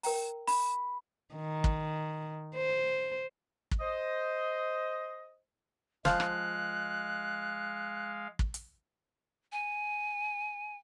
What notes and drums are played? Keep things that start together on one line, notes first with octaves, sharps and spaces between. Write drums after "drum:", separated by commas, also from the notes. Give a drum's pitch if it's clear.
A#4 G5 A#5, drum: open hi-hat
B5, drum: open hi-hat
D#3
drum: kick
C5
drum: kick
C5 D#5
F3 G#3 F5 F#6, drum: snare
drum: rim click
drum: kick
drum: hi-hat
G#5